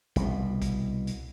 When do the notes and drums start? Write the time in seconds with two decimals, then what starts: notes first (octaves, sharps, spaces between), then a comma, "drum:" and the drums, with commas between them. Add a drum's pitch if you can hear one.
0.16 C2 B2, drum: kick A#1, hi-hat
0.62 drum: kick A#1, hi-hat
1.07 drum: hi-hat